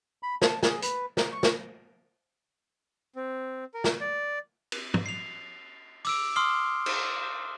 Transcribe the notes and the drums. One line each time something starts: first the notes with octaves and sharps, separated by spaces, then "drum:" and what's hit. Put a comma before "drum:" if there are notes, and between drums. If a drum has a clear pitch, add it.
B5
A5, drum: snare
G#4, drum: snare
B4, drum: hi-hat
A#5, drum: snare
C#6
drum: snare
C4
A#4
drum: snare
D5
drum: cymbal
drum: tom
C7 F7
D6 E6 D7, drum: open hi-hat
C6 D6 D#6 F6 C7 G7
drum: cymbal